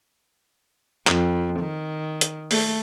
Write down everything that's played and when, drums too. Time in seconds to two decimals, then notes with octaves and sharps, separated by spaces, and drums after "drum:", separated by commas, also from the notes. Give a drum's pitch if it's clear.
1.07 F2, drum: clap
1.60 D#3
2.21 drum: hi-hat
2.51 A3, drum: open hi-hat